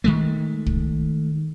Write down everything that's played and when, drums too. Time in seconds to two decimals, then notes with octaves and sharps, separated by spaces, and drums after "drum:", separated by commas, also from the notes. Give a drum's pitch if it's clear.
0.04 D#3 G#3 A3
0.66 drum: kick